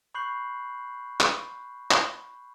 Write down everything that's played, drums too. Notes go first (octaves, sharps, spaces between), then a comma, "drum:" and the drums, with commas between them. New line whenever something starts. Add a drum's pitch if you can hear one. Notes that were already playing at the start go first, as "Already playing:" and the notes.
B5 C#6 F#6 G6 C7 F#7
drum: clap
drum: clap